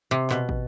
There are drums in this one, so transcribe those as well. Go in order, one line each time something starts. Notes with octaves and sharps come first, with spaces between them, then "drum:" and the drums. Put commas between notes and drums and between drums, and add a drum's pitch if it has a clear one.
C3
B2, drum: clap
drum: kick